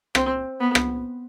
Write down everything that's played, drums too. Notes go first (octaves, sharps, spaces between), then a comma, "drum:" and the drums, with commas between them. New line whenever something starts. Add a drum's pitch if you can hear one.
C4, drum: rim click
B3
drum: rim click